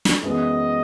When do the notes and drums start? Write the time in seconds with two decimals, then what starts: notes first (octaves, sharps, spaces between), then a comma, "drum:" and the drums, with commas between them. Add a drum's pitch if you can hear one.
0.05 drum: snare
0.22 F#2 E3 G#3 B3 D#5